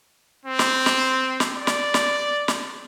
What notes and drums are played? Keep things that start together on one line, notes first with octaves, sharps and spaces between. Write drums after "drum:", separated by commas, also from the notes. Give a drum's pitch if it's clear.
C4
drum: snare
drum: snare
drum: snare
D5
drum: snare
drum: snare
drum: snare